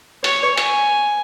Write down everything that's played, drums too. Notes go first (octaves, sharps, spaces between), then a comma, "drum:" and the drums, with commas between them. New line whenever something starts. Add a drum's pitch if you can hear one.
C#5, drum: hi-hat
G#5, drum: hi-hat